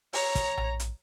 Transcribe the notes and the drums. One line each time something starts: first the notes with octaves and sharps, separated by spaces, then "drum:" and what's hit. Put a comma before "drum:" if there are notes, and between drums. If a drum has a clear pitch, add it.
C#5 A#5, drum: open hi-hat
drum: kick, hi-hat
drum: tom A#1
drum: hi-hat